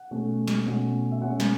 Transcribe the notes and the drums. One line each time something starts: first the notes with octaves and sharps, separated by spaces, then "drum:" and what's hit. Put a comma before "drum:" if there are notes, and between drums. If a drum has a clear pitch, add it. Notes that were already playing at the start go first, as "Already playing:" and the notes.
Already playing: F#5
B2 A3 C#4
drum: snare
B2 A3 C#4, drum: tom G3
E5
B2 A3 C#4 F#5
drum: snare